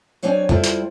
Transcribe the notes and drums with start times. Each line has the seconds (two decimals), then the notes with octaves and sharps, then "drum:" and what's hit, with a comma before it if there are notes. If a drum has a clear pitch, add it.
0.23 F#3 C4 D4 C#5 G#5
0.49 G3 C4 E4 F4 A4, drum: tom
0.64 drum: hi-hat